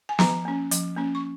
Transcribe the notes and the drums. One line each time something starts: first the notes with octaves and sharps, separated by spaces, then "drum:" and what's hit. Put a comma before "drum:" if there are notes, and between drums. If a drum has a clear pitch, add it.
G#5
F3 A#5, drum: snare
A#3 C#4
F3, drum: hi-hat
A#3 C#4
C#6